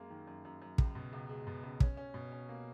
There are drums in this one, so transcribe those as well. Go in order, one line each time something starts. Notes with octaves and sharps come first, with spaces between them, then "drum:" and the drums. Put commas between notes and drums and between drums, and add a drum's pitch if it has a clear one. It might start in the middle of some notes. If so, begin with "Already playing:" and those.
Already playing: F#2 G#3 A#3
D#3
F#2
F#2
F#2
C#2, drum: kick
B2
C#2
G#3
B2
C#2
C#4, drum: kick
C#4
B2
C#4
A#3